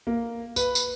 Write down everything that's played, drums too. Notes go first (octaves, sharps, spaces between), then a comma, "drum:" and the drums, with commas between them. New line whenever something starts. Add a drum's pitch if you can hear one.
A#3
B4, drum: tambourine
drum: tambourine